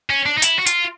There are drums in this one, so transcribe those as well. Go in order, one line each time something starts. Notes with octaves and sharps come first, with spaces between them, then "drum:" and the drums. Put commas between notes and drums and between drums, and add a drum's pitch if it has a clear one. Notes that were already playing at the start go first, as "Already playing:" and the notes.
C#4
D4
D#4
E4, drum: hi-hat
F#4
F4, drum: hi-hat